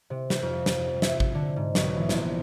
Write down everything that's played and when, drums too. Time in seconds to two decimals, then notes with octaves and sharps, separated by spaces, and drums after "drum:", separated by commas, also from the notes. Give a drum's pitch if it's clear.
0.10 C3
0.30 drum: snare
0.43 F2
0.66 drum: snare
1.02 E5, drum: snare
1.20 drum: kick
1.35 D3
1.56 G#2
1.75 B1, drum: snare
1.97 E3
2.09 A#1, drum: snare